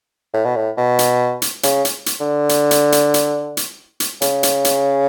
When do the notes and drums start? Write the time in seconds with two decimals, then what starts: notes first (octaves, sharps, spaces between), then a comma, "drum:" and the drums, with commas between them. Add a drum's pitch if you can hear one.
0.34 A2
0.45 B2
0.56 A2
0.77 B2
0.99 drum: hi-hat
1.42 drum: hi-hat
1.63 C#3, drum: hi-hat
1.85 drum: hi-hat
2.06 drum: hi-hat
2.20 D3
2.49 drum: hi-hat
2.71 drum: hi-hat
2.92 drum: hi-hat
3.14 drum: hi-hat
3.57 drum: hi-hat
4.00 drum: hi-hat
4.22 C#3, drum: hi-hat
4.43 drum: hi-hat
4.65 drum: hi-hat